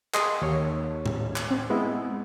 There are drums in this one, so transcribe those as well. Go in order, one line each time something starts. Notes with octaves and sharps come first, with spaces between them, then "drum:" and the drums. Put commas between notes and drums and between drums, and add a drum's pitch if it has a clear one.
G#4 D#5 C6, drum: clap
D#2 C#5
drum: tom A2
drum: clap
C4
G#3 B3 E4